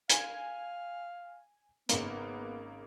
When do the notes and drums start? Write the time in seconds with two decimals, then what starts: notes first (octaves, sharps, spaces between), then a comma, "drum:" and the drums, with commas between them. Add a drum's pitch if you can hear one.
0.10 F5 G#5 G#6, drum: hi-hat
1.89 G#1 C#3 A#3 B3, drum: hi-hat